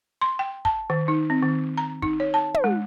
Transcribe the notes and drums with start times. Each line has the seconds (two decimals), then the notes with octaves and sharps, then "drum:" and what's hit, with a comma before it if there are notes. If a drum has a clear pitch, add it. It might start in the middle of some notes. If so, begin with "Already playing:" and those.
0.21 C6
0.39 G5
0.65 A5, drum: kick
0.90 D#3
1.08 D#4
1.30 C4
1.43 D#3
1.78 A#5
2.02 D#4, drum: kick
2.20 C#5
2.34 A5
2.54 drum: tom
2.64 G#3